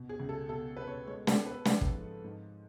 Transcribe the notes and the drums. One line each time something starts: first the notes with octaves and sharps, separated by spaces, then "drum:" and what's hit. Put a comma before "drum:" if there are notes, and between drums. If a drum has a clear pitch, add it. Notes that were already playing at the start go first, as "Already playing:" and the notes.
Already playing: B2
G#4
C#2
A4
B2 A4
B2 B4
C#5
G#3 C#5
A4, drum: snare
B3
B4
F3 F4, drum: snare
drum: kick
G#2
G#2